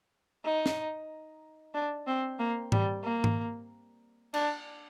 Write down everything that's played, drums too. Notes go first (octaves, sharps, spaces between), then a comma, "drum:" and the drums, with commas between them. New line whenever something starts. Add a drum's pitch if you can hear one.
D#4
drum: snare
D4
C4
A#3
G3, drum: tom G#2
A#3
drum: tom G#2
D4, drum: cymbal